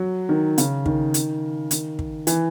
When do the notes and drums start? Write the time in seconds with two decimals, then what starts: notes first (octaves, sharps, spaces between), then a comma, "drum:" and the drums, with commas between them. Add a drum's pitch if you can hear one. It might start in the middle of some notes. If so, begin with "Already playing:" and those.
Already playing: F#3
0.29 D#3
0.58 C#3, drum: hi-hat
0.86 D#3, drum: kick
1.14 drum: hi-hat
1.71 D#3, drum: hi-hat
1.99 drum: kick
2.27 E3, drum: hi-hat